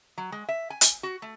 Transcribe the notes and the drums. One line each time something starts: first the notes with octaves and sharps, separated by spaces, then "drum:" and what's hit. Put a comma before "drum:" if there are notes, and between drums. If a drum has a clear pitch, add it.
F#3
G#3
E5
G#5
drum: hi-hat
F#4
A3